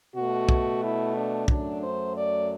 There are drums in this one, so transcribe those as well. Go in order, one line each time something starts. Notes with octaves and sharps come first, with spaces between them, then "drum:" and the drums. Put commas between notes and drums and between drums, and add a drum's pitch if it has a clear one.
B2 A3 F#4
drum: kick
E4
D4
F#2 F#3 A3 D4, drum: kick
C5
D5